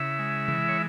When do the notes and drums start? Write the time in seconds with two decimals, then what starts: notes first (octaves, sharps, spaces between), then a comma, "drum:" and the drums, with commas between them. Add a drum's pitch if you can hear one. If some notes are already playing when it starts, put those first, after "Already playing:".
Already playing: C#3 E4 E5
0.19 G#3
0.48 E3, drum: tom C3
0.68 C#5